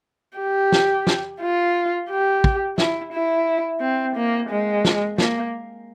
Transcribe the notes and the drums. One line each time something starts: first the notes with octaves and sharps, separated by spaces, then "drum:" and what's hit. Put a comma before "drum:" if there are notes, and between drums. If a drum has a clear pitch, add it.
G4
drum: snare
drum: snare
F4
G4
drum: kick
E4, drum: snare
E4
C4
A#3
G#3
drum: snare
A#3, drum: snare